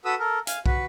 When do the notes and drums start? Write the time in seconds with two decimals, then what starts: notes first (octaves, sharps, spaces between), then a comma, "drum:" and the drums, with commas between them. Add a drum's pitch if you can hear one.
0.05 F#4 A4 B4 D#6 E6
0.19 A4 A#4
0.47 F5 G#5, drum: hi-hat
0.66 F#4 B4, drum: kick